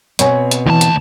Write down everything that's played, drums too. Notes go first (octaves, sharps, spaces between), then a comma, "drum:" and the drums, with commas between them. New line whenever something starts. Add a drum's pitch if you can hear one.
B2 B3 C4 C#5 G#5, drum: hi-hat
drum: hi-hat
D2 E3 A5
drum: hi-hat